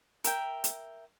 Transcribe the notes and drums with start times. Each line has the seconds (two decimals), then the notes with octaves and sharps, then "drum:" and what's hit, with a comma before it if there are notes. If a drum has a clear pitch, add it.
0.24 A#4 E5 G5, drum: hi-hat
0.64 drum: hi-hat